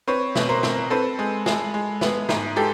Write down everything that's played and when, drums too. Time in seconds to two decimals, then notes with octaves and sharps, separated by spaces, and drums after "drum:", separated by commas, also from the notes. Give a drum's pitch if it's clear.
0.07 C4 B4 C#5
0.35 B2, drum: snare
0.49 A#4 C5
0.63 C4, drum: snare
0.90 C4 A4 B4
1.19 G#3
1.46 G#3, drum: snare
1.74 G#3
2.01 B3, drum: snare
2.29 G#2, drum: snare
2.56 G#3 G4 A4